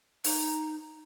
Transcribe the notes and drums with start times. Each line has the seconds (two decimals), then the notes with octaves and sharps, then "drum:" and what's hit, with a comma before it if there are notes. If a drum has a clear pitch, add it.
0.24 D#4, drum: open hi-hat